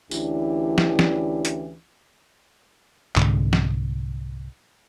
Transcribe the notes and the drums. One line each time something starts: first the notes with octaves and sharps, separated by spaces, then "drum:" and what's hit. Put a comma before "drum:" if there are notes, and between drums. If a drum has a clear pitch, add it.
D2 E3 C#4 D4 E4 G4, drum: tambourine
drum: snare
drum: snare
drum: hi-hat
C2 G#2 D3, drum: clap
drum: snare